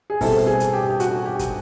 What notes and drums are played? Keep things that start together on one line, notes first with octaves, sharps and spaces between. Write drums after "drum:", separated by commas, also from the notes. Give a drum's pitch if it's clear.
G#4
B2 G3 C4 E4 A4, drum: kick, open hi-hat
G#4
drum: hi-hat
G4
G4
F#4, drum: hi-hat
G4
drum: kick, hi-hat